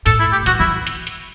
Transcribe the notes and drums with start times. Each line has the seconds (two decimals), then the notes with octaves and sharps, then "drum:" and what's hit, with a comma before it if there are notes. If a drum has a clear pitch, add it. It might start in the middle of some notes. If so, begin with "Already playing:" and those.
0.06 A2 A4, drum: hi-hat
0.20 E4
0.32 G4
0.46 E3 F#4, drum: hi-hat
0.60 E3 E4
0.87 drum: hi-hat
1.07 drum: hi-hat